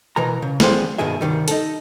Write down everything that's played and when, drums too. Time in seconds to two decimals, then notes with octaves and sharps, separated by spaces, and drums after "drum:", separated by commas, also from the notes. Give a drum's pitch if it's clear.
0.16 B2 E3 A#4 A#5
0.42 C#3
0.60 D3 E3 F3 C4 G#4, drum: snare
0.98 G2 B2 D#3 G#4 E5
1.21 C2 G#2 D#3 G3
1.48 D#4 A4, drum: hi-hat